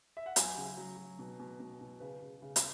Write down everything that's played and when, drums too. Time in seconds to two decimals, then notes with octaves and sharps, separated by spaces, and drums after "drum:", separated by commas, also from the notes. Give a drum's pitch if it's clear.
0.17 E5
0.26 F#5
0.36 F#3 G#5, drum: hi-hat
0.57 C#3
0.77 F#3
0.97 F#3
1.19 B2
1.40 B2
1.60 B2
1.81 B2
2.00 C#3 B4
2.22 C#3
2.42 C#3
2.56 drum: hi-hat